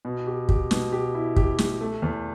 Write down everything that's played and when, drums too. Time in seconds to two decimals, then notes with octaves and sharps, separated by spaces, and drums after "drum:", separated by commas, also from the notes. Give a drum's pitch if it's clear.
0.05 B2
0.27 G4
0.49 G4, drum: kick
0.71 B2, drum: snare
0.92 G4
1.15 E4
1.36 G4, drum: kick
1.59 G4, drum: snare
1.81 A3
2.02 E2